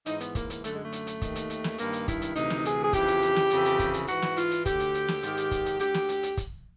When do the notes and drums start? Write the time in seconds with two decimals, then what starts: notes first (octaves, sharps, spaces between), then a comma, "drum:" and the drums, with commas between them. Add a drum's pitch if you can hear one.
0.06 G#2 E3 D#4, drum: hi-hat
0.20 B3, drum: hi-hat
0.35 A#3, drum: kick, hi-hat
0.50 A#3, drum: hi-hat
0.64 F#2 D3 A3, drum: hi-hat
0.74 G#3
0.83 A3
0.93 drum: hi-hat
1.07 drum: hi-hat
1.22 D#2 D#3, drum: kick, hi-hat
1.36 drum: hi-hat
1.50 drum: hi-hat
1.64 drum: snare
1.78 G2 D#3 A#3, drum: hi-hat
1.93 drum: hi-hat
2.08 E4, drum: kick, hi-hat
2.22 drum: hi-hat
2.35 D2 C3 E3 D#4, drum: hi-hat
2.50 drum: snare
2.65 G#4, drum: hi-hat
2.83 G#4
2.93 F2 C#3 E3 G4, drum: kick, hi-hat
3.08 drum: hi-hat
3.22 drum: hi-hat
3.36 drum: snare
3.50 F2 C#3 E3, drum: hi-hat
3.65 drum: hi-hat
3.79 drum: kick, hi-hat
3.94 drum: hi-hat
4.07 G#2 E3 F#4, drum: hi-hat
4.22 drum: snare
4.37 F4, drum: hi-hat
4.51 drum: hi-hat
4.66 D2 D3 G4, drum: kick, hi-hat
4.80 drum: hi-hat
4.94 drum: hi-hat
5.08 drum: snare
5.23 G#2 D#3, drum: hi-hat
5.37 drum: hi-hat
5.51 drum: kick, hi-hat
5.66 drum: hi-hat
5.79 D2 D3 G4, drum: hi-hat
5.94 drum: snare
6.09 drum: hi-hat
6.23 drum: hi-hat
6.37 drum: kick, hi-hat